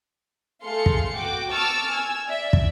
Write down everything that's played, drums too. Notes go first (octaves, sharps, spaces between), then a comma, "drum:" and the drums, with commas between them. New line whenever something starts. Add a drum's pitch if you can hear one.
A3 G#4 A4 F5 C6 C#7
drum: kick
F#4 G5 D6
A5 C#6 D6 E6 F6 A6
G#5 E6 G#6
D5 E5
drum: kick